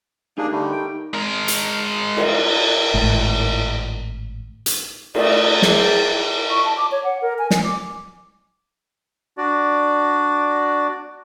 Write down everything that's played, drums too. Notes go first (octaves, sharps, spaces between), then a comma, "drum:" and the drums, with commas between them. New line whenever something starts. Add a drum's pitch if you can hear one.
A#3 D4 D#4 G4 G#4 A#4
D3 G3 A3
G5
G#3 A#4
drum: hi-hat
drum: cymbal
G#1 A2
drum: hi-hat
A3 D5 D#5, drum: cymbal
G#4 C5 D5, drum: snare
C#6
A5
D6
C#5
F#5
A#4
G#5
G#5, drum: snare
D6
D4 F#4 D5